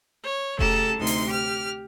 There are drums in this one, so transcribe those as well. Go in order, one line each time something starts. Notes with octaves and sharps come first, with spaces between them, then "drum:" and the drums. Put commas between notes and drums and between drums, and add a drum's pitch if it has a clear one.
C#5
C#3 A3 G4 A4 A5 A#5, drum: kick E1
D2 C3 D#4 C6
drum: open hi-hat
G4 F6